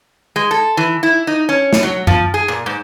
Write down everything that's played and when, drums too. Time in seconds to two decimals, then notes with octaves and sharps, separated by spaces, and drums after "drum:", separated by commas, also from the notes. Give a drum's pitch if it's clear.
0.36 G#3
0.51 A4
0.77 E3
1.03 E4
1.27 D#4
1.49 C#4
1.73 drum: snare
1.83 F#3
2.07 F3, drum: tom F#2
2.34 G#4
2.48 A#2
2.66 G#2